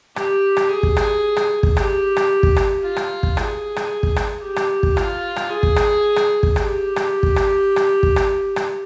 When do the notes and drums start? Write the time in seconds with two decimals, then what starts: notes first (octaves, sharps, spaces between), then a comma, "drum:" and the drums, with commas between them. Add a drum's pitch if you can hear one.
0.16 G4, drum: rim click
0.57 drum: rim click
0.70 G#4
0.83 drum: kick
0.97 drum: rim click
1.37 drum: rim click
1.63 drum: kick
1.77 G4, drum: rim click
2.16 drum: rim click
2.43 drum: kick
2.56 drum: rim click
2.83 F4
2.96 drum: rim click
3.23 drum: kick
3.37 G#4, drum: rim click
3.76 drum: rim click
4.03 drum: kick
4.16 drum: rim click
4.43 G4
4.56 drum: rim click
4.83 drum: kick
4.97 F4, drum: rim click
5.36 drum: rim click
5.49 G#4
5.63 drum: kick
5.76 drum: rim click
6.16 drum: rim click
6.43 drum: kick
6.56 G4, drum: rim click
6.96 drum: rim click
7.23 drum: kick
7.36 drum: rim click
7.76 drum: rim click
8.03 drum: kick
8.16 drum: rim click
8.56 drum: rim click